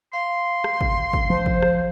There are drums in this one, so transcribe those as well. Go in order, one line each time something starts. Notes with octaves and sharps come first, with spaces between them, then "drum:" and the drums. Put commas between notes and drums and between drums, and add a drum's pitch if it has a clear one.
F5 C6
drum: rim click
drum: kick
drum: kick
F3 C5
drum: kick
drum: rim click